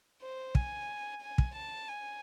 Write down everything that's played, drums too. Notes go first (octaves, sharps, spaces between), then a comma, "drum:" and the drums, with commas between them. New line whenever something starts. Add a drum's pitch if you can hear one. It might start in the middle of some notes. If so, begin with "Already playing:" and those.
C5
G#5, drum: kick
G#5
drum: kick
A5
G#5